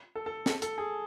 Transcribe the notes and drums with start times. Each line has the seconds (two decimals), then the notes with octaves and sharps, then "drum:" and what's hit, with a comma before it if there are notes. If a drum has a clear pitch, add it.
0.15 A4
0.26 A4
0.46 A4, drum: snare
0.62 A4, drum: hi-hat
0.78 G#4